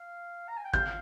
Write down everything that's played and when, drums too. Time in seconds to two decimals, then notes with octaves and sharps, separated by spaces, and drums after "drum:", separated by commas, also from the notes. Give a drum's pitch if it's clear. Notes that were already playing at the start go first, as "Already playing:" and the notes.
Already playing: F5
0.48 A#5
0.57 G#5
0.65 G5
0.73 F5 G6, drum: kick